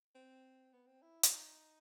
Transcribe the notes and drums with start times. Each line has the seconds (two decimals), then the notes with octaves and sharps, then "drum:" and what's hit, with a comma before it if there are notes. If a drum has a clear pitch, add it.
0.15 C4
0.73 B3
0.87 C4
1.02 E4
1.23 E4, drum: hi-hat
1.30 D#4